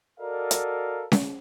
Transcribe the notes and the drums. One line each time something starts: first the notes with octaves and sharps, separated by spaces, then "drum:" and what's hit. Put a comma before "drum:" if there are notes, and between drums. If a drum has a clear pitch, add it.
F#4 A4 A#4 D5 D#5 F5
drum: hi-hat
drum: snare C#4